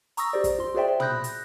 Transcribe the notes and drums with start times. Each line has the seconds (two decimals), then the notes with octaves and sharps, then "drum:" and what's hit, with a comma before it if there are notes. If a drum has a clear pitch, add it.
0.17 A#5 C#6 D#6 E6 A#6, drum: hi-hat
0.33 G4 C5 D5
0.44 drum: kick, hi-hat
0.58 F4 C6
0.75 F#4 G#4 C5 D5 E5 G5
1.00 B5 D#6 F#6 G6 A#6, drum: tom
1.24 drum: hi-hat